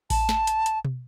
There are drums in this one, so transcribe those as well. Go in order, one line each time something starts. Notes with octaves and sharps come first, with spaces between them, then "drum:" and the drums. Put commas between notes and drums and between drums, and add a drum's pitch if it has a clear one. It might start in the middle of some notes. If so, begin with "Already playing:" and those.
A5, drum: kick A1, open hi-hat
drum: snare
drum: hi-hat
drum: hi-hat
drum: tom B2